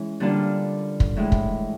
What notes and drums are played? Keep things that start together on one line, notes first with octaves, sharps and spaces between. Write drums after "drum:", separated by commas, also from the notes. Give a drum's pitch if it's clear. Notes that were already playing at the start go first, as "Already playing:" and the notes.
Already playing: E3 G#3 C#4
D3 G3 A#3 D4 F4
drum: kick
A2 E3 G#3
drum: kick